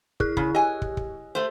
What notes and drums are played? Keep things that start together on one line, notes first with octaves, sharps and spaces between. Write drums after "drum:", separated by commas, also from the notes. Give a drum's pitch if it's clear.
E4 G#4 F#6, drum: kick
C#3, drum: kick
G4 D#5 G#5
drum: kick
drum: kick
A3 C5